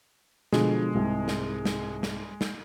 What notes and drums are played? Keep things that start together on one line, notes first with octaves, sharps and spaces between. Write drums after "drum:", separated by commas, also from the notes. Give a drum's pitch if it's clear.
B2 D3 F3 G#3, drum: snare
C2 G#2
drum: snare
drum: snare
drum: snare
drum: snare